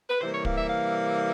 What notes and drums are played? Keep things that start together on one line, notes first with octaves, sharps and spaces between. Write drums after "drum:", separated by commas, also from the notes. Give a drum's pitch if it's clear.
B4
C3 E3 G3 A#3 C5
C#5
F5, drum: kick
E5
F5